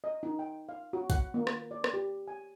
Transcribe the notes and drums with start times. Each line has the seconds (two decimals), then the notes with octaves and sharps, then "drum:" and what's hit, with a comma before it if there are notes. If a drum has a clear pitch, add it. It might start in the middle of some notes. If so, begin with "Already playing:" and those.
0.04 D#5
0.23 D#4
0.39 G5
0.69 F5
0.93 F#4
1.10 F#5, drum: kick, hi-hat
1.34 A#3
1.47 drum: rim click
1.71 D5
1.84 drum: rim click
1.94 G4
2.28 G#5